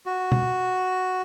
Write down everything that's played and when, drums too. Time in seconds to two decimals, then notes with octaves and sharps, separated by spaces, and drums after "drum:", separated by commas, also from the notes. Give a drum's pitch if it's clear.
0.06 F#4
0.32 drum: tom